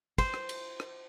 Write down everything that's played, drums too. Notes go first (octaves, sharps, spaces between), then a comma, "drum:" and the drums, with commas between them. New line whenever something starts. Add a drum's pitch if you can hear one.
C5, drum: kick, cymbal
drum: rim click
drum: cymbal
drum: rim click